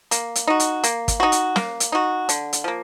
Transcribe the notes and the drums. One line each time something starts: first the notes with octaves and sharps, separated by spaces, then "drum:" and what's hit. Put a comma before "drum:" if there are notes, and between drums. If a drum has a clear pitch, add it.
A#3, drum: hi-hat
drum: hi-hat
D#4 F#4
drum: hi-hat
A#3, drum: hi-hat
drum: kick, hi-hat
D#4 F#4
drum: hi-hat
A#3, drum: snare
drum: hi-hat
D#4 F#4
D3, drum: hi-hat
drum: hi-hat
F3 A#3